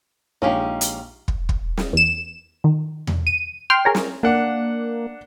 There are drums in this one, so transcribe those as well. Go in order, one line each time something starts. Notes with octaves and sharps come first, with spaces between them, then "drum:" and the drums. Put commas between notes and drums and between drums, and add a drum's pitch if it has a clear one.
A#1 G#3 C#4 D#4 G4 F5
drum: hi-hat
drum: kick
drum: kick
drum: snare
E2 E7
D#3
drum: tom E2
D#7
G5 C6 F6
G#4 A#4 C#5
drum: snare
A#3 D4 F#5